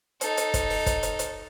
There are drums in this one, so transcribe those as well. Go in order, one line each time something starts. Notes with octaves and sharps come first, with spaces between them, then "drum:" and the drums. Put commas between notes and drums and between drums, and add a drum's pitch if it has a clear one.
D#4 A4, drum: hi-hat
drum: hi-hat
drum: kick, hi-hat
drum: open hi-hat
drum: kick, hi-hat
drum: hi-hat
drum: hi-hat